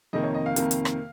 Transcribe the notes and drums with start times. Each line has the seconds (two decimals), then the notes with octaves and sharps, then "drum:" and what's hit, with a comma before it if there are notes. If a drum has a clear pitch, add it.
0.13 F2 C3 D#3 A#3 D#5
0.24 C#5
0.34 D#5
0.46 F5
0.56 F2 C3 D#3 A#3, drum: hi-hat
0.71 drum: hi-hat
0.85 drum: rim click